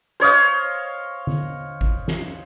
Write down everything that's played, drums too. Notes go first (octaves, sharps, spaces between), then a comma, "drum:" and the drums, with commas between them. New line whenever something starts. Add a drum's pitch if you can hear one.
C5 C#5 D#5 F5
drum: tom D3
drum: kick G#1
drum: snare